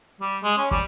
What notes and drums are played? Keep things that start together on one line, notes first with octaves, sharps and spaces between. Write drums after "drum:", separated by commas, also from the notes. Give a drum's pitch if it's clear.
G3
G#3
C#4
G3, drum: kick